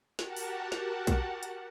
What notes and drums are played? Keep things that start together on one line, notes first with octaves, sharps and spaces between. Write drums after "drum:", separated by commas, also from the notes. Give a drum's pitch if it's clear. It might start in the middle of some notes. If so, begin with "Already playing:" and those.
F#4 G4 A#4 F#5 A5, drum: snare
drum: open hi-hat
drum: snare
drum: kick, hi-hat
drum: hi-hat